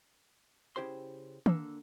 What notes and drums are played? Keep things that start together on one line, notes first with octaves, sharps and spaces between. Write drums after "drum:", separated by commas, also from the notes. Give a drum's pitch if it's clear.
C#3 E4 G4 C5 C6
D3 A#3 A4, drum: tom